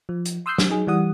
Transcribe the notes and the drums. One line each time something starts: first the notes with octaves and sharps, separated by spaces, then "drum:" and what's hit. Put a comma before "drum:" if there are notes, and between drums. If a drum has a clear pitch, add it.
F3
drum: hi-hat
C6 D#6 E6 F#6 G6 C7
drum: snare
F#3 D#4 G#4
E3 G3 F#5 D#6